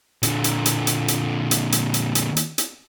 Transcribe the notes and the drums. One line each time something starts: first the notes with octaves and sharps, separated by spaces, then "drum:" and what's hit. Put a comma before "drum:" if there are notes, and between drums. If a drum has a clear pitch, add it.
A#2 D3, drum: hi-hat
drum: hi-hat
drum: hi-hat
drum: hi-hat
drum: hi-hat
drum: hi-hat
drum: hi-hat
drum: hi-hat
drum: hi-hat
drum: hi-hat
drum: hi-hat